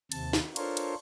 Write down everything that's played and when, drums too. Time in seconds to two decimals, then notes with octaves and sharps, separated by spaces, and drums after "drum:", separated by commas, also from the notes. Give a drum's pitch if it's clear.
0.12 D#2 C3 A5, drum: cymbal
0.33 drum: snare
0.56 D4 F4 A4 A#4 C5 C#5, drum: cymbal
0.77 drum: cymbal